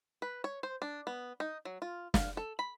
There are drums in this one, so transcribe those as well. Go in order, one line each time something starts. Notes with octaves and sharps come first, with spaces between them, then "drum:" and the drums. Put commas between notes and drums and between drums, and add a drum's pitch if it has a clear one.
B4
C#5
C5
D4
B3
D#4
F#3
F4
F5, drum: snare
A4
B5